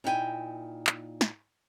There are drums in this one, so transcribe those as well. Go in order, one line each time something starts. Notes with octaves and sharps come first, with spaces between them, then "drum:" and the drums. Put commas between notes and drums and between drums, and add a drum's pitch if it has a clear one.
A#2 D#4 E4 A#4 G5 G#5
drum: clap
drum: snare